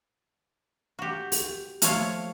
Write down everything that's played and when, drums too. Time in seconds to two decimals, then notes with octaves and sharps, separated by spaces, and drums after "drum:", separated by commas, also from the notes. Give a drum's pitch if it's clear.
0.99 F#4 G4
1.32 drum: open hi-hat
1.82 F3 A3 C#5 F5, drum: hi-hat